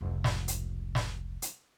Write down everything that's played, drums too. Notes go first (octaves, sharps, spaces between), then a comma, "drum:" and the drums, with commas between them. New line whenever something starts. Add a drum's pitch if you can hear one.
F1 C#2
drum: snare
drum: hi-hat
drum: snare
drum: hi-hat